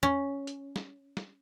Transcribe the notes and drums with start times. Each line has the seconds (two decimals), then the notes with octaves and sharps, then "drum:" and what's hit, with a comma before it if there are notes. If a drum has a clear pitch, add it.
0.03 C#4, drum: tom
0.47 drum: hi-hat
0.76 drum: snare
1.17 drum: snare